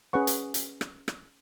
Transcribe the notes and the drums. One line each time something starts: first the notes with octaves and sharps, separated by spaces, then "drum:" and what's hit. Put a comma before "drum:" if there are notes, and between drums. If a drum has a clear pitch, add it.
C#4 G#4 B4 F#5 C#6
drum: hi-hat
drum: hi-hat
drum: rim click
drum: rim click